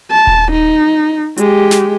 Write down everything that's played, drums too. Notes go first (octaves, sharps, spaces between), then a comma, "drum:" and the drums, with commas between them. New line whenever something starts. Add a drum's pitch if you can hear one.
A5
drum: kick D#1
D#4
G#3 G4, drum: hi-hat
drum: snare